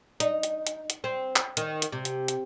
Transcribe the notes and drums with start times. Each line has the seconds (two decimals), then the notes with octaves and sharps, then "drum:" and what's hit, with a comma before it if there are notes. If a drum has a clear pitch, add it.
0.20 D#4, drum: hi-hat
0.43 drum: hi-hat
0.67 drum: hi-hat
0.90 drum: hi-hat
1.04 C4
1.36 drum: clap
1.57 D#3, drum: hi-hat
1.82 drum: hi-hat
1.92 C3
2.05 drum: hi-hat
2.28 drum: hi-hat